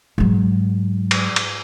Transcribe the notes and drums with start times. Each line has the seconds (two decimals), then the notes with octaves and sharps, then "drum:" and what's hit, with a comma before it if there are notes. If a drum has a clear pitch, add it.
0.18 G#2 F#3
1.11 drum: cymbal
1.36 drum: cymbal